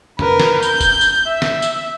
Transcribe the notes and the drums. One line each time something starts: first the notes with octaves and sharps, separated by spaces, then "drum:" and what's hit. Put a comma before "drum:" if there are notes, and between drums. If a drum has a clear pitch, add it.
A#4 B4, drum: tom F2
drum: snare
G6, drum: tambourine
drum: kick, tambourine
drum: tambourine
E5
drum: snare
drum: tambourine